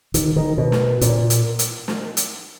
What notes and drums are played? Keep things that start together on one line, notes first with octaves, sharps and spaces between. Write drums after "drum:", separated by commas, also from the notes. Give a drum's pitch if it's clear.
D#3, drum: hi-hat
D#3
B2
drum: snare
A#2, drum: hi-hat
drum: hi-hat
drum: hi-hat
drum: snare
drum: hi-hat